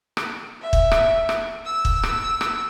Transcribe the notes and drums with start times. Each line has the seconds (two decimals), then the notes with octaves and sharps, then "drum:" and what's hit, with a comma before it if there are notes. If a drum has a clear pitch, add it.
0.17 drum: rim click
0.63 E5
0.73 drum: kick
0.91 drum: rim click
1.29 drum: rim click
1.66 E6
1.85 drum: kick
2.03 drum: rim click
2.41 drum: rim click